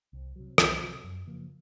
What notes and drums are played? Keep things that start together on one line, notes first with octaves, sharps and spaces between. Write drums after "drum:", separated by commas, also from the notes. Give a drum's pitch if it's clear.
C2
C3 F#3
C2, drum: rim click
C3 F#3
F#2
C#3 F3 A#3